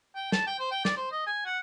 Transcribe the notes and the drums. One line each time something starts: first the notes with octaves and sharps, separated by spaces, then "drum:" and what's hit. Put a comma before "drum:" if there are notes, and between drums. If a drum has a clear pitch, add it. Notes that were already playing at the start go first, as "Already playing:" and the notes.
G5
A5, drum: snare
G5
C5
G5
D5, drum: snare
C5
D#5
G#5
F#5